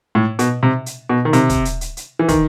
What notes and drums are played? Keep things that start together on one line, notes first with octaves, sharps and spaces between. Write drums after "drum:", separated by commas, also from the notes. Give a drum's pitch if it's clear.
A2
B2, drum: hi-hat
C3
drum: hi-hat
B2
D#3
C3, drum: hi-hat
drum: kick, hi-hat
drum: hi-hat
drum: hi-hat
drum: hi-hat
E3
D#3, drum: kick, hi-hat